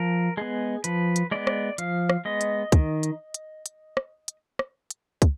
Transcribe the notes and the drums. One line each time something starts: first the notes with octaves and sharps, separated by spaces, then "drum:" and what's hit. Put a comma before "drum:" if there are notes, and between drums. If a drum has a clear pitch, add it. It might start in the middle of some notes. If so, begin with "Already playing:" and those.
Already playing: F3 A#4
G#3 B3 G#4
F3 B4, drum: hi-hat
drum: hi-hat
G#3 B3 D5
drum: rim click
F3 F5, drum: hi-hat
drum: rim click
G#3 B3 D#5
drum: hi-hat
D#3, drum: kick, hi-hat
drum: hi-hat
drum: hi-hat
drum: hi-hat
drum: rim click
drum: hi-hat
drum: rim click
drum: hi-hat
drum: kick, hi-hat